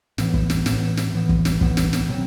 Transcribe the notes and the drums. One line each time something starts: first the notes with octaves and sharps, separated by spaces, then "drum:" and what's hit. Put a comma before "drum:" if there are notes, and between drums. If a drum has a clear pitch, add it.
A2 E3 B3, drum: snare
drum: kick
drum: snare
A2 E3 B3, drum: snare
drum: snare
A2 E3 B3
drum: kick
drum: snare
A2 E3 B3, drum: kick
drum: snare
drum: snare
B2 F#3 C4